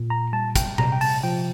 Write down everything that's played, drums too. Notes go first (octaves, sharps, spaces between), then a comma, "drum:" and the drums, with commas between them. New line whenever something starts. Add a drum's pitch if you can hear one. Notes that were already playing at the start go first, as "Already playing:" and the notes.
Already playing: A#2
A#5
G3 A5
G5, drum: kick, hi-hat
C3 A#5, drum: tom A#2
G5
A5, drum: open hi-hat
F3 G5